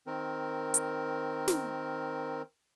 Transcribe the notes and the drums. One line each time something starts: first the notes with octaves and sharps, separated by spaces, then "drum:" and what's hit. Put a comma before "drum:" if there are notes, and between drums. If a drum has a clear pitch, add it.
D#3 C4 A#4
drum: hi-hat
drum: snare